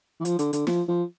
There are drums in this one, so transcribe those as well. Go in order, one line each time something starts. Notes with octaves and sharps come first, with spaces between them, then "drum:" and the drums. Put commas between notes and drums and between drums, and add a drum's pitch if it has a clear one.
E3
F3, drum: hi-hat
D3, drum: hi-hat
D3, drum: hi-hat
F3, drum: snare
F3